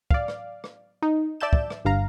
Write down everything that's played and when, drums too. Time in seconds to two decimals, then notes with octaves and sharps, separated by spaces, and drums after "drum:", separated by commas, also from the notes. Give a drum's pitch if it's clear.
0.11 D5 F5, drum: kick
0.28 drum: rim click
0.64 drum: rim click
1.02 D#4
1.41 D5 E5 A5 G6 E7
1.53 drum: kick
1.70 drum: rim click
1.85 G1 G2 F5 A#5